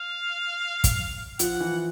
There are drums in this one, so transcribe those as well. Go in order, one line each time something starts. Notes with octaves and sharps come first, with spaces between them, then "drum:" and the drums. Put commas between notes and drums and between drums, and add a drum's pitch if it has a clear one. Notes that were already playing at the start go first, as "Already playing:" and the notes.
Already playing: F5
drum: kick, hi-hat
F3 F#5, drum: hi-hat
E3